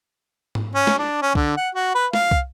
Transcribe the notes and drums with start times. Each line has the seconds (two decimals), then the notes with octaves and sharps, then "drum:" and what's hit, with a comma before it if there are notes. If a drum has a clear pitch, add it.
0.55 drum: tom G#2
0.75 C#4
0.87 drum: snare
0.99 D4
1.22 C#4
1.35 D3, drum: kick
1.57 F#5
1.75 F#4
1.95 B4
2.13 F5, drum: snare
2.31 drum: kick